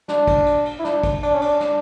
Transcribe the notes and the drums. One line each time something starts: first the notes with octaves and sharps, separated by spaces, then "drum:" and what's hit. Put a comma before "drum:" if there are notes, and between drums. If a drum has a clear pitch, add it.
D4, drum: snare
drum: kick, cymbal
drum: cymbal
drum: cymbal
E4
D4, drum: snare
drum: kick, cymbal
D4, drum: cymbal
C#4
D4, drum: cymbal
D4, drum: snare